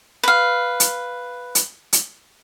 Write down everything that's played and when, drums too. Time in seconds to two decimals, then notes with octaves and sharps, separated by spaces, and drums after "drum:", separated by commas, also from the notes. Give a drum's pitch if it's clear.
0.23 B4 F5
0.80 drum: hi-hat
1.55 drum: hi-hat
1.93 drum: hi-hat